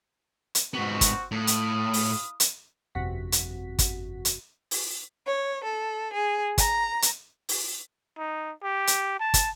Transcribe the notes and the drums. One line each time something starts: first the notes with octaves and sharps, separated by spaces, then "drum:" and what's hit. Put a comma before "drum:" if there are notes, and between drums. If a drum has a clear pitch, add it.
drum: hi-hat
G#2 B3 C4 F#4
drum: kick, hi-hat
A2 E4 F5 D#6
drum: hi-hat
drum: open hi-hat
drum: hi-hat
G1 F2 C3 F#4 B6
drum: hi-hat
drum: kick, hi-hat
drum: hi-hat
drum: open hi-hat
C#5
A4
G#4
A#5, drum: kick, hi-hat
drum: hi-hat
drum: open hi-hat
D#4
G4
drum: hi-hat
A5
drum: kick, hi-hat